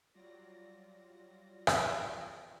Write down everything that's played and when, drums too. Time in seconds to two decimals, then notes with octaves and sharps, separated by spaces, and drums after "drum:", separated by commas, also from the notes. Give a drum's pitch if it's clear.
0.14 F#3 G3 F4 D5 A#6
1.67 drum: rim click